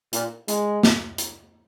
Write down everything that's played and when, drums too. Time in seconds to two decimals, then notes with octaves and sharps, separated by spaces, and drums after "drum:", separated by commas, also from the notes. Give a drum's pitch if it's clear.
0.13 A#2, drum: hi-hat
0.48 G#3, drum: hi-hat
0.83 drum: snare
1.18 drum: hi-hat